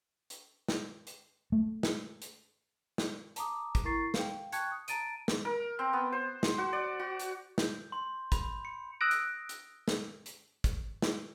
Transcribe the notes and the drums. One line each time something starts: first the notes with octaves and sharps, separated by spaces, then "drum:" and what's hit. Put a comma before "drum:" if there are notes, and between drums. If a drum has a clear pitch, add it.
drum: hi-hat
drum: snare
drum: hi-hat
A3
drum: snare
drum: hi-hat
drum: snare
A5 A#5 D6 D#6, drum: hi-hat
drum: kick, hi-hat
E4 A#4 A#5 C#6 A6 C7
F5 G5, drum: snare
G5 A5 C#6 F#6 G#6 C#7, drum: hi-hat
D#6
A5 A#5 A6 D7 D#7, drum: hi-hat
drum: snare
A#4
C4
B3
C5
drum: snare
F#4
D5
F#4
drum: hi-hat
G6, drum: snare
C6
B5, drum: kick, hi-hat
C#7
D#6 E6 F#6 A#6 D7
drum: hi-hat
drum: hi-hat
drum: snare
drum: hi-hat
drum: kick, hi-hat
drum: snare